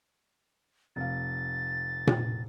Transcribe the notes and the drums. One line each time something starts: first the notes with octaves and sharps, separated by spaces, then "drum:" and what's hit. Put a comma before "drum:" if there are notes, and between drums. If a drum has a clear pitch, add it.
F1 F5 A6
drum: tom A#2